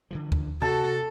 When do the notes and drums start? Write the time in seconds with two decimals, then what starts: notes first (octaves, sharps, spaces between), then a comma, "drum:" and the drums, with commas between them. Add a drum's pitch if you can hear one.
0.11 D3 E3 F3
0.32 drum: kick D2
0.62 C3 F#4 A4 A5